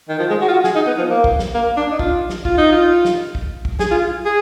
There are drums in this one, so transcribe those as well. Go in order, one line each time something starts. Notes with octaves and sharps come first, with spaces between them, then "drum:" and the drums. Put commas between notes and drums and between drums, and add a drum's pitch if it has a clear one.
D#3
F3
G#3
F#4
F4
F#4
G#4, drum: snare
D#4
B3
F3
A#3
drum: kick
drum: snare
A#3
D4
D#4
F4, drum: kick
drum: snare
F4, drum: kick
D#4
F4
drum: snare
drum: kick
drum: kick
G#4, drum: snare
F4
G#4